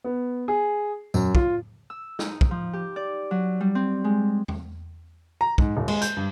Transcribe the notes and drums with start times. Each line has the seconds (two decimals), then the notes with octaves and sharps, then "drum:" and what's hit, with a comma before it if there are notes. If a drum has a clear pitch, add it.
0.04 B3
0.48 G#4
1.14 F#2, drum: tambourine
1.35 F4, drum: kick
1.90 E6
2.19 D#4, drum: snare
2.41 drum: kick
2.51 F3
2.73 G4
2.96 D5
3.31 F#3
3.60 G3
3.75 C4
4.04 G#3
4.48 drum: tom E2
5.41 A#5
5.58 G#2, drum: kick
5.77 D#1
5.88 G#3, drum: cymbal
6.01 G6, drum: hi-hat
6.16 G2